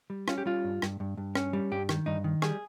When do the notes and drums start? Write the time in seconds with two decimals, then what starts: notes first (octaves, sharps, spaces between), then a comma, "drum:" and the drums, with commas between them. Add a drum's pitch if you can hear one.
0.10 G3
0.28 C#4 F4, drum: rim click
0.38 G4
0.46 G3 F4
0.64 G2
0.82 G2, drum: rim click
1.00 G2
1.17 G2
1.35 C#4, drum: rim click
1.53 G3
1.71 G2 G4
1.89 D#3, drum: rim click
2.06 G2 D#4
2.24 D#3
2.42 G3 G#4, drum: rim click